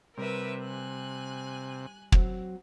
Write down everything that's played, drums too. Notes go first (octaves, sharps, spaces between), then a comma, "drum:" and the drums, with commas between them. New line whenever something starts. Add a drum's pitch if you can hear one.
C3 G3 A#4 B4 E5
G#5 F#6
F#3 C4, drum: kick